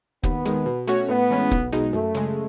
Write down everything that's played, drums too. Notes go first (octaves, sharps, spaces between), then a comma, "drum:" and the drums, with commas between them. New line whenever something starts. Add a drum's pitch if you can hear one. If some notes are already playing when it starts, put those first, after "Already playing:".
D#2 B3, drum: kick
D#3 G#3, drum: hi-hat
B2
A3 C#4 F#4 C#5, drum: hi-hat
A2 B3
E3 G#3 C#4
B1, drum: kick
B2 G#3 D#4, drum: hi-hat
F#2 A3
C#3 G#3, drum: hi-hat